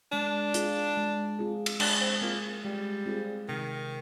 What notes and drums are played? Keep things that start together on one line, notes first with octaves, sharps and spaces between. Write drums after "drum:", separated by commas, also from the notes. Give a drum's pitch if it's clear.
G#3 D4
C4 F4 G#4, drum: hi-hat
G#3
C4 F4 G#4
drum: cymbal
G#3 D4, drum: cymbal
C4
A#3 C4 F4 G#4
G3 G#3
C4 F4 G#4
C3 D#3